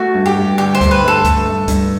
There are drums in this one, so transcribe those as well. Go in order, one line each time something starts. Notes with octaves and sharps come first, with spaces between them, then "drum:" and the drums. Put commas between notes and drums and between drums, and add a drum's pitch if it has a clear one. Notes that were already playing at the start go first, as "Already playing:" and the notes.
Already playing: A3 F#4
G2
G4
G2
D3 G4
C5
A3, drum: kick C#2, hi-hat
B4
G2
A4
A3, drum: kick C#2, hi-hat
G2
G2, drum: kick C#2, hi-hat